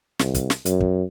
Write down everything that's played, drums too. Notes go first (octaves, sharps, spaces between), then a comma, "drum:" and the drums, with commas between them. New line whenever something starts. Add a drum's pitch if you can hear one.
C2, drum: snare
drum: kick, hi-hat
drum: snare
F#2, drum: hi-hat
drum: kick